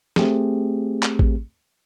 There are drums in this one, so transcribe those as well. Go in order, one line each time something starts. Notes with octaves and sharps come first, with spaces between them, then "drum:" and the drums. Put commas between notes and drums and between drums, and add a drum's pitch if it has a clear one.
A3 C4 G4 G#4, drum: snare
drum: clap
drum: kick A1